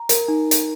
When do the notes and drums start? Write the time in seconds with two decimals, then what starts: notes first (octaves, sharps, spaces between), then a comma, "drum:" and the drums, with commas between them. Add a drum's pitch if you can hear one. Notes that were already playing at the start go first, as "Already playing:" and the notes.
Already playing: A#5
0.09 A#4, drum: hi-hat
0.28 D#4
0.51 drum: hi-hat